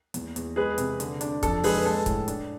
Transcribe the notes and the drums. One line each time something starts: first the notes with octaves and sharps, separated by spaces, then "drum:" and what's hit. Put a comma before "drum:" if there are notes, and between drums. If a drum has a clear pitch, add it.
E2, drum: hi-hat
E2, drum: hi-hat
G#3 G#4 B4
C3, drum: hi-hat
D3, drum: hi-hat
D4, drum: hi-hat
F2 A4, drum: kick, hi-hat
G#3 G#4 B4, drum: open hi-hat
B4
G#3 A4
A2, drum: kick, hi-hat
D4, drum: hi-hat